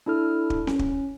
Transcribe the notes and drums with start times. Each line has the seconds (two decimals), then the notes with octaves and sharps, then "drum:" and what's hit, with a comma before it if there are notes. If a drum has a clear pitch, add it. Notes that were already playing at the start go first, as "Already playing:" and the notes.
0.06 D4 E4 A4 F6
0.50 drum: kick
0.67 C#4, drum: snare C4
0.79 drum: kick